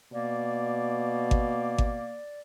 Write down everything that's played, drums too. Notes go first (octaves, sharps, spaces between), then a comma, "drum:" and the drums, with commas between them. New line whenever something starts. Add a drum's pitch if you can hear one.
B2 A#3 D5
drum: kick G#1
drum: kick G#1